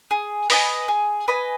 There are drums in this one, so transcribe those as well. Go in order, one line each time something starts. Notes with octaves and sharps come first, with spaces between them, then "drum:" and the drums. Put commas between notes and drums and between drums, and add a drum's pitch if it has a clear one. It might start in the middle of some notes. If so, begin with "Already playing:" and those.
G#4
B4 D#5 G#5, drum: open hi-hat
G#4
B4 D#5 G#5